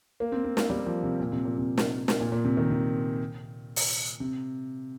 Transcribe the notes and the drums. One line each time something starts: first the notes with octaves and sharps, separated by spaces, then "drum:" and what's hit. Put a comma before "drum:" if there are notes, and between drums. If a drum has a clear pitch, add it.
A#3
C4
C4
A#3, drum: snare
G3
F3
C3
A#2
C3
A#2
C3
drum: snare
drum: snare
A#2
A#2
C3
D#3
C3
drum: open hi-hat
C3